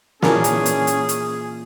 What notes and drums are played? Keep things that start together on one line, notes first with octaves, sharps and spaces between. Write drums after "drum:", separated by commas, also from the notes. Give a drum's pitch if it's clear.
A#2 E3 C#4 G#4 A#4 A5, drum: snare
drum: hi-hat
drum: hi-hat
drum: hi-hat
drum: hi-hat